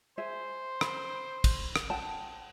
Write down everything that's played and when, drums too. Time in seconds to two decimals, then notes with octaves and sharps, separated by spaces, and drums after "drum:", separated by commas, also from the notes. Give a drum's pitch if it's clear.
0.18 G#4 C5 E5
0.81 B5, drum: rim click
1.44 drum: kick, cymbal
1.76 drum: rim click
1.90 F#5 G5 A5